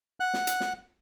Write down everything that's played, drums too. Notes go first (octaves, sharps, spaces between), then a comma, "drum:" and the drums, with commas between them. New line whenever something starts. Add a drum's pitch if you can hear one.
F#5 F#6
drum: snare
drum: hi-hat
drum: snare